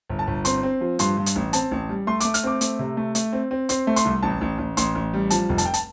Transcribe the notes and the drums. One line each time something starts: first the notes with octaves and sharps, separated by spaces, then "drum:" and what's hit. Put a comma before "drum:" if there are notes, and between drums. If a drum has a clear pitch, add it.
G1
A5
G1
C4 C6, drum: hi-hat
C4
F3
G2 C6, drum: hi-hat
G2
drum: hi-hat
A1
C4 A5, drum: hi-hat
A1
G3
A3 C6
A3 D6, drum: hi-hat
F6, drum: hi-hat
C4 D6
A3, drum: hi-hat
C3
A3
A3, drum: hi-hat
C4
C4
C4 C6, drum: hi-hat
A3
C6, drum: hi-hat
C2
A1 A5
A1
A1
A1 C6, drum: hi-hat
A1
G3
F3 A5, drum: hi-hat
F1
A5, drum: hi-hat
G5
A5, drum: hi-hat